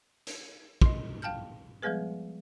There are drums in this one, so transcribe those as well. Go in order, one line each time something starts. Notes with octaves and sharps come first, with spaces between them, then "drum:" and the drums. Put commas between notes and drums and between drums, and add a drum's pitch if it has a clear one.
drum: hi-hat
D#5 C6, drum: kick
F5 G5 A5 F6 G6
F3 G3 G#3 B3 G#4 B4